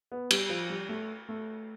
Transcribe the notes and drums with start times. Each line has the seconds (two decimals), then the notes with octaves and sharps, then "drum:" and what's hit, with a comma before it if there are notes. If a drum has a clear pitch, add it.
0.12 B3
0.30 G3, drum: cymbal
0.49 F3
0.70 G3
0.89 A3
1.29 A3